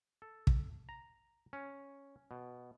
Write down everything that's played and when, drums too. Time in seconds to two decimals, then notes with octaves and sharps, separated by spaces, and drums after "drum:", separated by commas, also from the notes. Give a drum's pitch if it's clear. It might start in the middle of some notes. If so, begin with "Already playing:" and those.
0.22 A4
0.47 drum: kick
0.89 A#5
1.53 C#4
2.31 B2